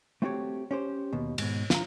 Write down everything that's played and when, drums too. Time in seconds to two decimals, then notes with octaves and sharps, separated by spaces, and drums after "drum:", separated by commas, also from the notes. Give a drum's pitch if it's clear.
0.22 A3 C4 E4 F#4 G4 C#5
0.71 C#4 G4 C5
1.13 D#2 B2
1.38 G#2 B2, drum: cymbal
1.70 F4 A#5, drum: snare